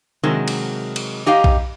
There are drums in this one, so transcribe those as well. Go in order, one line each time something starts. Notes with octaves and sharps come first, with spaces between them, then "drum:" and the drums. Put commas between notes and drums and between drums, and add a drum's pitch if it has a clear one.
C3 D#3 F#3 G#3
drum: cymbal
drum: cymbal
D#4 G4 D#5 F5
drum: kick B1